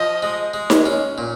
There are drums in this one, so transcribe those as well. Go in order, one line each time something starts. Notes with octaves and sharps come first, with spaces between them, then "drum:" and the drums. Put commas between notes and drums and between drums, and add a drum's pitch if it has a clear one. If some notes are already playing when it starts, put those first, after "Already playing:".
Already playing: F3 D#5
G#3
G#3
drum: snare D#4
C#4
A#2